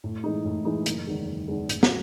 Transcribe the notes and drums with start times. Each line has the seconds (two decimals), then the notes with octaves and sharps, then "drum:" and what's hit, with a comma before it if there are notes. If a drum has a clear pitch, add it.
0.04 A2
0.24 E3 G#3 D#4
0.45 A2
0.65 E3 G#3 D#4
0.86 F#1, drum: hi-hat
1.07 E2 D#3 G#3
1.27 F#1
1.48 E2 D#3 G#3
1.69 A1, drum: hi-hat
1.83 drum: snare